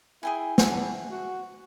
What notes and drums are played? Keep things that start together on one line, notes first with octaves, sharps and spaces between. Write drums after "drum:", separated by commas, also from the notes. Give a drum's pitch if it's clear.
E4 G#4 G5 G#5
E3 G#4 F#5 A5, drum: snare
F#4